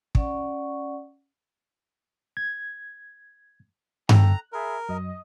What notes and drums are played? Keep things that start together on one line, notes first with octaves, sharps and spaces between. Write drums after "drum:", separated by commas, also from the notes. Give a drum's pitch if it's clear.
C#4 D5 F#5 C#6, drum: kick
G#6
A4 G5 A#5 F#6, drum: tom G2
G#4 A#4 E5 B5
F#2 F#3 D#5